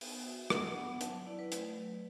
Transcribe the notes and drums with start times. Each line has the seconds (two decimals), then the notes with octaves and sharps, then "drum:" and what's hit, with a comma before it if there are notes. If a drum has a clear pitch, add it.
0.01 B3, drum: open hi-hat
0.25 F#4 E5
0.50 D4 F#5, drum: rim click
0.76 B3 F#5
1.01 F#3 A5, drum: hi-hat
1.27 E4 D5
1.39 B4
1.52 A3, drum: hi-hat
1.76 F#3